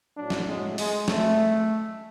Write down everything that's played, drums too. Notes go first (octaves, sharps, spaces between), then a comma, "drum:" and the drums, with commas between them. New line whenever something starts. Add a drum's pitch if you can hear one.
A2 F#3 D4
drum: snare
G#3
G#3, drum: open hi-hat
A3, drum: snare